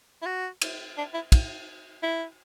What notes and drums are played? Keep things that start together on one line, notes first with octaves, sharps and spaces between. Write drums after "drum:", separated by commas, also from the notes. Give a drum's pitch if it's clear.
E4
F#4
drum: cymbal
D4
E4
drum: kick, cymbal
E4